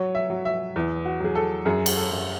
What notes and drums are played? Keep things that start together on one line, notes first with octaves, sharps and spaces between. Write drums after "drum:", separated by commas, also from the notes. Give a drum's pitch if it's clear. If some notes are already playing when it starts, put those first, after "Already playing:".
Already playing: F#3 C#5
E5
F#3
E5
E2
F#4
F#3 G#4
A4
F#2 G#4
drum: cymbal
A4
F#2